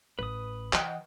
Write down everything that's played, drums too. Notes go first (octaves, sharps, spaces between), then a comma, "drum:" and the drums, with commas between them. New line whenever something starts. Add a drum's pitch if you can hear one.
A1 B4 D#6
E3 D#5 F#5 G5, drum: clap